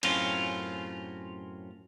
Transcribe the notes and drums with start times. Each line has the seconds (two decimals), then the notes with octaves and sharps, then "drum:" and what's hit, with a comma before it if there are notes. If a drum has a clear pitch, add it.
0.03 F#2 A2 C4 C#4 F4, drum: cymbal